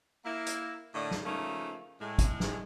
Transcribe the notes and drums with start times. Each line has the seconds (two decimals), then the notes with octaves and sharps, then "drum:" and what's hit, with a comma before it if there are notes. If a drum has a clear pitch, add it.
0.25 A#3 E4
0.46 drum: hi-hat
0.95 A2 D3 A3 A#3 D5 D#5
1.11 drum: snare
1.25 C#3 F3 A3 A#3 C#4 D#4
2.00 A2 G#3
2.19 drum: kick, hi-hat
2.40 drum: snare